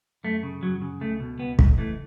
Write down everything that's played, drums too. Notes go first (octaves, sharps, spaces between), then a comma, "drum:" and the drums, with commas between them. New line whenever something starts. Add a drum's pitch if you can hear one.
F#2 A3
C#3
F#2 F#3
C#3
C#2 A3
B2
C#2 B3
C#2, drum: kick
E3 A3